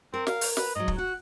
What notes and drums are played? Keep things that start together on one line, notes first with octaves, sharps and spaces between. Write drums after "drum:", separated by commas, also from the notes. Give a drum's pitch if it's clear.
C4 A#4
F5, drum: snare
drum: open hi-hat
B4, drum: snare
G#2 F#3 D#5
drum: kick
F#4 F#5